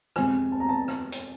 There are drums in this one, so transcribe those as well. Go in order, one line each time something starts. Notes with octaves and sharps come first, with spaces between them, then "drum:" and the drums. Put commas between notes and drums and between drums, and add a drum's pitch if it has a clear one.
F2 C3 F3 G#3 G#5, drum: rim click
A5
A#5
A5
drum: rim click
drum: hi-hat